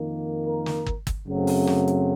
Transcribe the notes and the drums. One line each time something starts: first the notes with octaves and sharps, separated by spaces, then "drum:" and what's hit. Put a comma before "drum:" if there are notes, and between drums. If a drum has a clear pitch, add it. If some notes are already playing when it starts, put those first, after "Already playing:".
Already playing: F2 D#3 A#3
A#4
drum: snare
drum: kick
drum: kick, hi-hat
F#2 C#3 F#3 A3 C4
drum: open hi-hat
drum: snare
drum: hi-hat